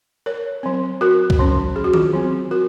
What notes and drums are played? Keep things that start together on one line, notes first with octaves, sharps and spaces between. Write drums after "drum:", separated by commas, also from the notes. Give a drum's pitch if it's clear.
A#4 C#5
F#3 C4
F#4 A#4
drum: kick
F#3 C#4
G#4
F#4
F4 G#4, drum: tom D#3
F#3 C4
F#4 A#4